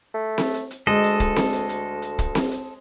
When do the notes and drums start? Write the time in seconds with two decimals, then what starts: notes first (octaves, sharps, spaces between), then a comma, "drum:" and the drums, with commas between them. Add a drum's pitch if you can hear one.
0.14 A3
0.38 drum: snare C4
0.54 drum: hi-hat
0.71 drum: hi-hat
0.87 D2 G#3 A4 D#5
1.04 drum: hi-hat
1.20 drum: kick, hi-hat
1.36 drum: snare C4
1.53 drum: hi-hat
1.69 drum: hi-hat
2.02 drum: hi-hat
2.19 drum: kick, hi-hat
2.35 drum: snare C4
2.52 drum: hi-hat